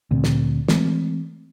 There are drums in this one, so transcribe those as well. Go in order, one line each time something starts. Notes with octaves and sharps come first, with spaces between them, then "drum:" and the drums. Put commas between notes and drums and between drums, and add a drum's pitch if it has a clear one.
D2 A#2 C4
drum: snare
E3 G#3 A3 C4, drum: snare